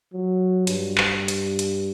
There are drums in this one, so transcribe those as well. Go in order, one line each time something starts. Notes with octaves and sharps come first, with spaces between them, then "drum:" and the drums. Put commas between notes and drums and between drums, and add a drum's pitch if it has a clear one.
F#3
G2, drum: hi-hat
drum: clap
drum: hi-hat
drum: hi-hat